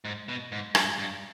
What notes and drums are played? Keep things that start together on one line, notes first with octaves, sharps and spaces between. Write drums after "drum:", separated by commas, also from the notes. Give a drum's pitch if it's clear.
G#2
B2
G#2
G2, drum: rim click
G2